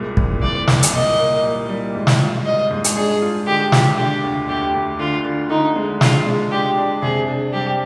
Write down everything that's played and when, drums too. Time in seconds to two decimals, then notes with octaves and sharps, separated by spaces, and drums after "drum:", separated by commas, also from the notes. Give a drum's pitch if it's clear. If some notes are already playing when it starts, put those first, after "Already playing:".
Already playing: C2 A#2 G#3
0.17 C2, drum: kick
0.42 C2 D5
0.68 C2, drum: snare
0.83 drum: hi-hat
0.93 A#2 D#5
1.19 A#3
1.44 G3
1.69 G3
1.95 G#2
2.07 drum: snare
2.20 F4
2.45 G3 D#5
2.71 G#2
2.84 drum: hi-hat
2.96 D4 G#4
3.22 F4
3.47 D3 G4
3.72 F4, drum: snare
3.98 D3 G4
4.23 D2
4.49 D2 G4
4.74 D2
4.99 D3 F4
5.25 D3
5.50 D3 D#4
5.76 G#3
6.01 D4 F4, drum: snare
6.26 G#3
6.52 D4 G4
6.77 D4
7.02 C3 G#4
7.28 D4
7.53 G3 G4